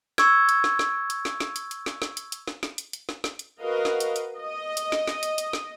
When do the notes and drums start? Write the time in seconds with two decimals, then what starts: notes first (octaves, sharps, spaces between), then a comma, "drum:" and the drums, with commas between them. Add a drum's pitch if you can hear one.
0.18 C#6 E6 G#6, drum: snare
0.49 drum: hi-hat
0.64 drum: snare
0.79 drum: snare
1.10 drum: hi-hat
1.25 drum: snare
1.40 drum: snare
1.56 drum: hi-hat
1.71 drum: hi-hat
1.86 drum: snare
2.02 drum: snare
2.17 drum: hi-hat
2.32 drum: hi-hat
2.48 drum: snare
2.63 drum: snare
2.78 drum: hi-hat
2.93 drum: hi-hat
3.09 drum: snare
3.24 drum: snare
3.39 drum: hi-hat
3.62 F#4 A#4 B4 D#5 F5
3.85 drum: snare
4.00 drum: hi-hat
4.16 drum: hi-hat
4.37 D#5
4.77 drum: hi-hat
4.92 drum: snare
5.07 drum: snare
5.23 drum: hi-hat
5.38 drum: hi-hat
5.53 drum: snare